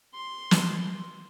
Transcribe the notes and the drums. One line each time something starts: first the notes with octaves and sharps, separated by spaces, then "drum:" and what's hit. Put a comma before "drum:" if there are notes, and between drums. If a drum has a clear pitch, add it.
C6
drum: snare